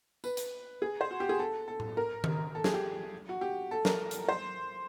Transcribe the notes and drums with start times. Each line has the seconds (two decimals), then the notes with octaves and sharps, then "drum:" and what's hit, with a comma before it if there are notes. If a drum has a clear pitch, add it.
0.24 B4, drum: tambourine
0.37 drum: hi-hat
0.82 G#4
1.01 C5
1.11 F#4
1.20 G4
1.29 G#4
1.39 A4
1.68 A4
1.80 drum: tom A2
1.97 A#4
2.24 drum: tom D#3
2.55 A4
2.64 G#4, drum: snare
2.74 G4
3.29 F#4
3.41 G4
3.71 A4
3.85 A#4, drum: snare
4.11 drum: hi-hat
4.29 C5